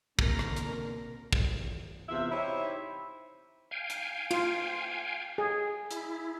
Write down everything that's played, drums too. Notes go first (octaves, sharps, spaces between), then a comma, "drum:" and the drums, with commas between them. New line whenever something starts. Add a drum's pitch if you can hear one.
B2 D3 A#3 C4 A#4 A#5, drum: kick
drum: rim click
drum: hi-hat
drum: kick
E2 C3 F4 E5
D#4 E4 G4 C5 C#5 E5
F5 G5 G#5
drum: hi-hat
F4, drum: cymbal
G#4
E4, drum: hi-hat